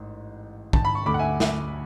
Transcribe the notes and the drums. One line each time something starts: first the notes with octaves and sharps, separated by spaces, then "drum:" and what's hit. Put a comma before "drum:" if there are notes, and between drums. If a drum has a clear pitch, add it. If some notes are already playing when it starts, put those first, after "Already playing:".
Already playing: A1 G#2
A5, drum: kick
B5
C#6
D2 D3 B5 D6
F#5
E5 G#5
drum: snare